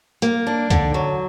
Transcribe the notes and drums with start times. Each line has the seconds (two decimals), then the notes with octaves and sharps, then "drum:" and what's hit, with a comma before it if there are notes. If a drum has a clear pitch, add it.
0.22 A#3, drum: hi-hat
0.47 D4
0.70 D3, drum: kick C#2, hi-hat
0.94 F#3